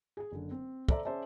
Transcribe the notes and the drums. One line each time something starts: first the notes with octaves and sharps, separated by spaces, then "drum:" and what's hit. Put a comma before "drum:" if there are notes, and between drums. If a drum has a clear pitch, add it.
G#4 G#5
F#1 D3
C4
A4 C5 D5 E5 A#5, drum: kick
C#4 G#4 C5 D5 E5 A5